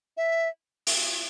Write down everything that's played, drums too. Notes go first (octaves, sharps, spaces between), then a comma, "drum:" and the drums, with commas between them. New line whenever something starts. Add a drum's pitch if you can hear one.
E5
drum: open hi-hat